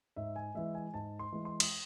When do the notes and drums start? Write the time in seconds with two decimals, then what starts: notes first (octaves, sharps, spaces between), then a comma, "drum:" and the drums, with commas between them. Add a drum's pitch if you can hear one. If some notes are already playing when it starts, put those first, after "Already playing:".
0.16 G#2 E5
0.36 G#5
0.55 E3 G#3 E5
0.74 G#5
0.94 G#2 A5
1.19 C6
1.32 E3 G#3
1.45 C6
1.60 D#6, drum: cymbal